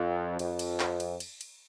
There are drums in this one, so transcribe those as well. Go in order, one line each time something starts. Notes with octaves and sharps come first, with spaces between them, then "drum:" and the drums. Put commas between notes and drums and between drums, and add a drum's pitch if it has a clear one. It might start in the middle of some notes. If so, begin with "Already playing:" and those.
Already playing: F2
F2, drum: cymbal
drum: cymbal
drum: clap
drum: cymbal
drum: cymbal
drum: cymbal